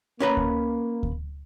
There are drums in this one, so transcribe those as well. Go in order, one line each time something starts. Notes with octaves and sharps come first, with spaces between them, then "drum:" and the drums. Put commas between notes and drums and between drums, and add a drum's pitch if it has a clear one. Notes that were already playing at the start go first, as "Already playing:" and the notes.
A#3 C#4 B4 A#5
drum: kick D2
drum: kick D2